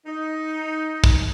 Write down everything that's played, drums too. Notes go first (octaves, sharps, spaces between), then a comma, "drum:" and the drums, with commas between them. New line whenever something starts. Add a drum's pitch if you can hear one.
D#4
drum: kick